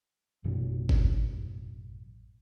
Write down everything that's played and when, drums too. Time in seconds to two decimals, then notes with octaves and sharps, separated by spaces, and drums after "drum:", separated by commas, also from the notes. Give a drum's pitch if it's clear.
0.44 A1 F#2 B2 E3
0.89 drum: kick G#1